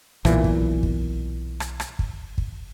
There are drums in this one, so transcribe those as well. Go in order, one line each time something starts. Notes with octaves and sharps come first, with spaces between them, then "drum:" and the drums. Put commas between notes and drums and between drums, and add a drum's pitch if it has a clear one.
B1 A#2 E3, drum: rim click
drum: kick
drum: kick
drum: rim click
drum: rim click
drum: kick
drum: kick